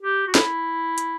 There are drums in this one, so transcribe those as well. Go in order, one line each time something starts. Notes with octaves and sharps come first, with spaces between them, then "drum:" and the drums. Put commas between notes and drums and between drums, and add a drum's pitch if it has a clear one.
G4
F#4
E4, drum: snare
drum: hi-hat